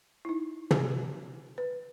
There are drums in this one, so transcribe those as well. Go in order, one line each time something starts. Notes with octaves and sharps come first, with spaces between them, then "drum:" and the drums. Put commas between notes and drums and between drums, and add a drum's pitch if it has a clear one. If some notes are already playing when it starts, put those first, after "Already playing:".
D#4 E4
drum: tom
B4